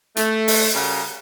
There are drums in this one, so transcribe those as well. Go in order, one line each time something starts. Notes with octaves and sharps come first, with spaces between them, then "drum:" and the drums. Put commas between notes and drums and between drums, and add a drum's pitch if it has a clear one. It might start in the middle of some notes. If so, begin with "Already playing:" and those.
A3, drum: hi-hat
drum: open hi-hat
C#3 G3 F#4 A#4